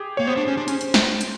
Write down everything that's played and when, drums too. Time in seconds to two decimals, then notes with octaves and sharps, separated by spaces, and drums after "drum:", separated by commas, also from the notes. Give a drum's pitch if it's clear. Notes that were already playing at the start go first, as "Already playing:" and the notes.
Already playing: G4 G#4
0.17 A#3 C#5
0.27 B3 C5
0.37 D4
0.48 C#4
0.57 D4
0.68 C#4, drum: hi-hat
0.81 drum: hi-hat
0.94 drum: snare
1.21 drum: hi-hat